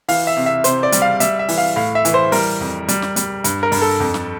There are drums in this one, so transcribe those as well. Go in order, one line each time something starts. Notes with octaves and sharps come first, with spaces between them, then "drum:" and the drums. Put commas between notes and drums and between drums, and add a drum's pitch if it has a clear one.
E3 F5, drum: open hi-hat
E5
C3
E5
C3 C5, drum: hi-hat
D5
G3, drum: hi-hat
F5
G3 E5, drum: hi-hat
E5
E3, drum: open hi-hat
F5
A2 F5
E5
E3, drum: hi-hat
C5
G3 A#4, drum: open hi-hat
F2
G3, drum: hi-hat
drum: snare
G3, drum: hi-hat
G2, drum: hi-hat
A#4
G2, drum: open hi-hat
A4
F2
drum: snare